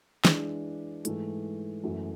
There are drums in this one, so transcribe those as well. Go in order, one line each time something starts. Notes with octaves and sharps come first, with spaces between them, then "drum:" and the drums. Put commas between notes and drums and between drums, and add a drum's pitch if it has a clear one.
E3 G#3 D4, drum: snare
G#2 E3 A3, drum: hi-hat
F#2 E3 A3